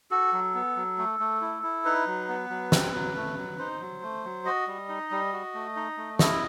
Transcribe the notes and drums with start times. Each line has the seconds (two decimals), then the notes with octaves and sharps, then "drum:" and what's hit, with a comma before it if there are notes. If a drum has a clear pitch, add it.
0.11 F#4 A4
0.33 F#3
0.55 B3
0.76 F#3
0.98 A3
1.20 A3
1.41 E4
1.63 E4
1.85 D#4 B4
2.07 F#3
2.28 B3
2.50 F#3
2.72 C4, drum: snare
2.94 F#3
3.16 A3
3.37 F#3
3.59 D#4 C5
3.80 F#3
4.02 A3
4.24 F#3
4.46 F#4 D#5
4.67 G3
4.89 D#4
5.11 G3
5.33 F#4
5.54 A3
5.76 D#4
5.97 A3
6.19 E4 D#5, drum: snare